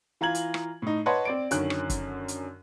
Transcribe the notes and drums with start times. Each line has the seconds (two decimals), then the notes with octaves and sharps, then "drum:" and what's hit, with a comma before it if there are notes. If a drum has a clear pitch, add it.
0.21 E3 F4 A#5 G#6 F#7
0.35 drum: hi-hat
0.54 drum: rim click
0.82 A2 D#4
1.06 B4 C#5 D#5 F#5 A5 C6
1.25 C4 D5 D7
1.51 F#2 D3 D#3 C#4 F#6, drum: hi-hat
1.70 drum: rim click
1.90 drum: kick, hi-hat
2.28 drum: hi-hat